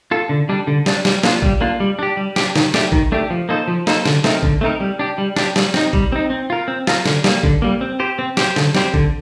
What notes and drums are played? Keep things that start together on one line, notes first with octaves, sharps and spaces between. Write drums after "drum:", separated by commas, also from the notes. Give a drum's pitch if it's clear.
F4 A4
D3
G3 D4
D3
G3 D4, drum: snare
G3, drum: snare
A#3 D4 F4, drum: snare
G3, drum: kick A1
A#3 D4 F4
G3
D4 G4
G3
D4 G4, drum: snare
D#3, drum: snare
A3 D4 G4, drum: snare
D#3, drum: kick A1
A3 D4 G4
F3
A#3 D#4 A4 C5
F3
A#3 D#4 A4 C5, drum: snare
D3, drum: snare
A3 C4 D#4 A#4, drum: snare
D3, drum: kick A1
A3 C4 D#4 A#4
G3
D4 G4
G3
D4 G4, drum: snare
G3, drum: snare
C4 D#4, drum: snare
G3, drum: kick A1
C4 D#4
C4
F4 A#4
C4
F4 A#4, drum: snare
D3, drum: snare
G3 A#3, drum: snare
D3, drum: kick A1
G3 A#3
C4
G4 C5
C4
G4 C5, drum: snare
D3, drum: snare
G3 C4 G4 C5, drum: snare
D3, drum: kick A1